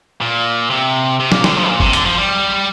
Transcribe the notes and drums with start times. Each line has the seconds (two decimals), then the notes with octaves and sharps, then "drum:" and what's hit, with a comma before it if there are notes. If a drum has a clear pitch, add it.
0.21 A#2
0.71 C3
1.20 C3
1.32 A#2, drum: snare
1.44 D3, drum: snare
1.57 F3
1.69 A#2
1.80 C3, drum: kick G1
1.93 D3, drum: hi-hat
2.05 F3
2.17 G3